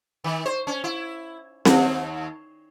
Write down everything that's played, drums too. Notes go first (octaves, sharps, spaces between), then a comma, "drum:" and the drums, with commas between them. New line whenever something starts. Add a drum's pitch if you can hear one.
D#3
C5
C#4
E4
D#2, drum: snare C4